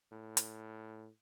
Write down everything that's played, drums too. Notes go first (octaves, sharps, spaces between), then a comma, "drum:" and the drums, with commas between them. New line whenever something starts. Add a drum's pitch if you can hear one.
A2
drum: hi-hat